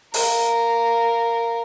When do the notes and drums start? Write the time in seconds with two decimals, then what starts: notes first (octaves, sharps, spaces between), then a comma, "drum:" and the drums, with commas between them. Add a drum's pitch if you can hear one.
0.14 A#4 F5, drum: open hi-hat